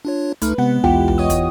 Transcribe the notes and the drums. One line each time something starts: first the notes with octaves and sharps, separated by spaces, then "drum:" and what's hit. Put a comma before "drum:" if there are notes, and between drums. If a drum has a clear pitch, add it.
D4 F4 C#5
C#2 A3 D#4 B4 F6, drum: hi-hat
C3 G#3 B3 F#5
E2 E4 F4 G4 F#5 G5, drum: tom B1
drum: tom B1
C#5 D#5 D#6
drum: kick, hi-hat